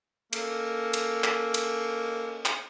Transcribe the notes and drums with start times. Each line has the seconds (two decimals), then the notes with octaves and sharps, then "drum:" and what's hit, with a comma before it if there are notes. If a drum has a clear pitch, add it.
0.33 A#3 C#4 A4, drum: cymbal
0.93 drum: cymbal
1.24 drum: clap
1.54 drum: cymbal
2.45 drum: clap